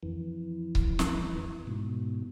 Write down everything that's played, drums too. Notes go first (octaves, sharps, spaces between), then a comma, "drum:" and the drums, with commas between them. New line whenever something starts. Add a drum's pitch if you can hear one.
F2 E3
drum: kick C#1
drum: snare
G#2 B2